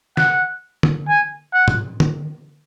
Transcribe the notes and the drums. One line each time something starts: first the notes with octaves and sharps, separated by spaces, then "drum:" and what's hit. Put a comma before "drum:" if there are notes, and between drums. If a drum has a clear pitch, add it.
F#5, drum: snare
drum: tom D3
G#5
F#5
drum: tom
drum: tom D3